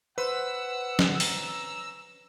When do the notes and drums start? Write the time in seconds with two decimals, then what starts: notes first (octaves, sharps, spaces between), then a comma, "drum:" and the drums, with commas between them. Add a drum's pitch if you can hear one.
0.18 B4 C5 F#5 E6
0.99 drum: snare
1.20 C#4 A#5, drum: open hi-hat